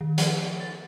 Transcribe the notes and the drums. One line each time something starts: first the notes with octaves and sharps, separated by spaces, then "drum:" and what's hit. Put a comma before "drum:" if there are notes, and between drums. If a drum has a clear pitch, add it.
D#3
F3, drum: hi-hat
A6